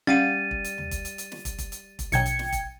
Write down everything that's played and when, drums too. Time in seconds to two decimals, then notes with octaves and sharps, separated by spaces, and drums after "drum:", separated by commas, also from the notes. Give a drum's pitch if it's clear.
0.07 G3 C#4 F5 F#5 A6 D#7
0.51 drum: kick
0.64 drum: hi-hat
0.78 drum: tom D#2
0.91 drum: kick, hi-hat
1.05 drum: hi-hat
1.18 drum: hi-hat
1.32 drum: snare
1.45 drum: kick, hi-hat
1.58 drum: kick, hi-hat
1.72 drum: hi-hat
1.99 drum: kick, hi-hat
2.12 A#1 B2 F#3 G5 G#6 C#7, drum: hi-hat
2.26 drum: hi-hat
2.39 drum: snare
2.52 drum: kick, hi-hat